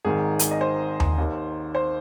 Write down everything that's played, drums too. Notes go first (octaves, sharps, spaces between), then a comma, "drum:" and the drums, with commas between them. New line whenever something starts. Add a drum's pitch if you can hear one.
G#1 G#2 D#3 G#4
drum: hi-hat
D#5
C5
drum: tom D#2
D#2 D#3
C5